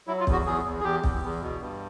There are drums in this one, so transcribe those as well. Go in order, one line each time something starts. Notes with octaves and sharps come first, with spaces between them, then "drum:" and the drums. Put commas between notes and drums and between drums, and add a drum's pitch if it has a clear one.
F#3 E4
F4
E2, drum: kick
F#4
E2 G#4
E2
G#4
E2 G4
E2, drum: kick
E2
B2
G2